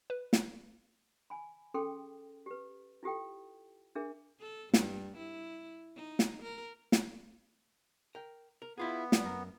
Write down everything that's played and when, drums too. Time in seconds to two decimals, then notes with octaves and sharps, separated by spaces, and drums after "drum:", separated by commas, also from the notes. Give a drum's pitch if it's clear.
0.10 B4
0.33 drum: snare
1.30 G#5 B5
1.74 C#4 G#4 A4 G5 C6
2.46 G4 B4
3.03 E4 F4 G4 A4 G5
3.95 D4 G#4 A#4 E5
4.40 A4
4.74 G2, drum: snare
5.17 E4
5.96 D#4
6.19 drum: snare
6.43 A#4
6.92 drum: snare
8.15 A#4 G5
8.62 A#4
8.78 B3 E4 F4 G#4
9.12 G3, drum: snare
9.24 F#2 A#4